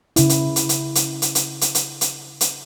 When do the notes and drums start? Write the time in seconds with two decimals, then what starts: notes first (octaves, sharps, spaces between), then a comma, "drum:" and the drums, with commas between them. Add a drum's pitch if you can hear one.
0.16 C#3 E4, drum: hi-hat
0.29 drum: hi-hat
0.56 drum: hi-hat
0.69 drum: hi-hat
0.95 drum: hi-hat
1.22 drum: hi-hat
1.35 drum: hi-hat
1.61 drum: hi-hat
1.75 drum: hi-hat
2.01 drum: hi-hat
2.41 drum: hi-hat